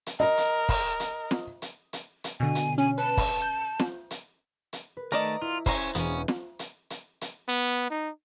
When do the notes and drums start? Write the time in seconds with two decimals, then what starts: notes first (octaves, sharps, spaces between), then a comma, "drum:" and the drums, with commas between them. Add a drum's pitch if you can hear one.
0.06 drum: hi-hat
0.20 A#4 D#5
0.38 drum: hi-hat
0.69 drum: kick, open hi-hat
1.00 drum: hi-hat
1.31 drum: snare
1.62 drum: hi-hat
1.93 drum: hi-hat
2.24 drum: hi-hat
2.40 B2 D3 G#5
2.55 drum: hi-hat
2.78 C#4 G#5
2.98 B4 A5
3.17 drum: kick, open hi-hat
3.42 G6
3.79 drum: snare
4.11 drum: hi-hat
4.73 drum: hi-hat
4.97 B4
5.12 D#3 A3 A#4 D5 D#5 A5
5.42 E4 F4
5.66 C#4 C5 A#5 G#6, drum: kick, open hi-hat
5.95 E1 B3 C#4, drum: hi-hat
6.28 drum: snare
6.59 drum: hi-hat
6.90 drum: hi-hat
7.21 drum: hi-hat
7.49 B3
7.90 D#4